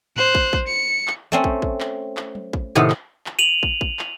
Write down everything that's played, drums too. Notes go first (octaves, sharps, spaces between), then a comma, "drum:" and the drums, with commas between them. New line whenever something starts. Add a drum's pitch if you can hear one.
C5 F#6, drum: tom G#2
drum: kick
drum: kick
C#7
drum: clap
A3 C4 C#4
drum: kick
drum: kick
drum: clap
drum: clap
drum: tom F#3
drum: kick
A2 C3 D#3 B3
drum: clap
drum: clap
D#7 F7 F#7
drum: kick
drum: kick
drum: clap